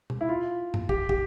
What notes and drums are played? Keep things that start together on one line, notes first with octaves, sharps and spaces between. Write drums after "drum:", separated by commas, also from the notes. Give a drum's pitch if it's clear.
drum: tom
E4
F4
drum: tom G2
G4, drum: kick
G4, drum: kick